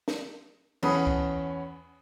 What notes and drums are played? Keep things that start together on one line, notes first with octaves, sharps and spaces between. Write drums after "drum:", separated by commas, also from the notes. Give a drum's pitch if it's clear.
drum: snare
E2 C#4 B4 F#5 B5 D#6, drum: cymbal
drum: kick C2